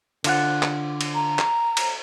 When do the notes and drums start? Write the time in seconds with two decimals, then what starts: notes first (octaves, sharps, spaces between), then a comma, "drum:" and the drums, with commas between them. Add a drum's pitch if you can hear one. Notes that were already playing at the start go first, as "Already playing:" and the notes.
0.24 D3 F4 F#5, drum: cymbal
0.62 drum: clap
1.01 drum: cymbal
1.15 A#5
1.39 drum: clap
1.77 drum: cymbal